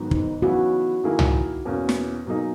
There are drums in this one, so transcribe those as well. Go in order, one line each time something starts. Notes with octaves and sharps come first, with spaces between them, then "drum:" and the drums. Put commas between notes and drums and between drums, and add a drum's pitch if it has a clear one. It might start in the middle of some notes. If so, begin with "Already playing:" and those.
Already playing: G#2 D#3 F#3 B3
D#4, drum: kick
C#3 E3 B3 E4 F#4
D#3 A#3 E4 G#4
drum: tom
E2 B2 A#3 C#4
drum: snare
B2 F#3 A#3 D#4 G#4